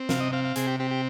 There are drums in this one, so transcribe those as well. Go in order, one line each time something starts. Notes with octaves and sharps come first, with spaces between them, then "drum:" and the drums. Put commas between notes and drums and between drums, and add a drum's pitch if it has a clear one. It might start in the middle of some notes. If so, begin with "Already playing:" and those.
Already playing: C4
C3 F5, drum: snare
D#5
C4 F5
F5
C3 G#4, drum: hi-hat
G4
C4 G4
G4